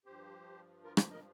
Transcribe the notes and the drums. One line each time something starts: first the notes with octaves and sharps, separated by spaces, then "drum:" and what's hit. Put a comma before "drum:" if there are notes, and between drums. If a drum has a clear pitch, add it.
G2 F3 G4 C5
F4 A#4
G4 C5, drum: rim click
A#4 D#5